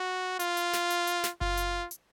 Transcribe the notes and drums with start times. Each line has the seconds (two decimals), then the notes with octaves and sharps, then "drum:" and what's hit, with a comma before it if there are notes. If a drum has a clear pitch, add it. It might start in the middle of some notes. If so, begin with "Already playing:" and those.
Already playing: F#4
0.40 F4, drum: hi-hat
0.57 drum: hi-hat
0.74 drum: snare
0.90 drum: hi-hat
1.07 drum: hi-hat
1.24 drum: snare
1.41 F4, drum: kick F#1
1.57 drum: hi-hat
1.91 drum: hi-hat